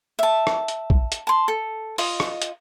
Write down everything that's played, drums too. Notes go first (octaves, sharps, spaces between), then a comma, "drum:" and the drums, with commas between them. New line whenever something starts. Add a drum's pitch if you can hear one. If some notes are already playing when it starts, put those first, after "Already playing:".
E5 A5
drum: rim click
drum: hi-hat
drum: kick
drum: hi-hat
A5 C6
A4
F4 D#5, drum: open hi-hat
drum: rim click
drum: hi-hat